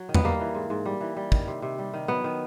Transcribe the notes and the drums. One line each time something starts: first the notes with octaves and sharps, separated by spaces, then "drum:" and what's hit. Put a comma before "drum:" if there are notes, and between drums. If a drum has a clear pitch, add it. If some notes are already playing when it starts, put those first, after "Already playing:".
Already playing: F#3
D#3
B3, drum: tom E2
G3 A#3
E3
G#2
G#2
G3
E3
G3
D#3, drum: kick
C3
C3
G3
D#3
F#3 B3
D#3